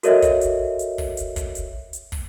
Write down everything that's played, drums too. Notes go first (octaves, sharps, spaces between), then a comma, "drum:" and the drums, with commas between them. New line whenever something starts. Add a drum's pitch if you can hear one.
F#4 A4 A#4 C#5 D#5 E5, drum: hi-hat
drum: kick, hi-hat
drum: hi-hat
drum: hi-hat
drum: kick, open hi-hat
drum: hi-hat
drum: kick, hi-hat
drum: hi-hat
drum: hi-hat
drum: kick, open hi-hat